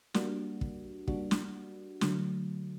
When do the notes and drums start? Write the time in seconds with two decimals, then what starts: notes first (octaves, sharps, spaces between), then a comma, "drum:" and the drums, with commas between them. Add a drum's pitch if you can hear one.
0.14 G3 A#3 D4 F#4, drum: snare
0.61 drum: kick
1.08 G3 A#3 D4 F#4, drum: kick
1.31 drum: snare
2.01 D3 F#3 A3, drum: snare